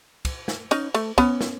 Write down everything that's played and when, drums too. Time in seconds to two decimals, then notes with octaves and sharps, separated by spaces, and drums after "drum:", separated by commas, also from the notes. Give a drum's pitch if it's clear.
0.25 drum: kick, cymbal
0.48 drum: snare
0.71 C#4 D#4, drum: cymbal
0.94 A3, drum: cymbal
1.18 B3 C#4, drum: kick, cymbal
1.41 drum: snare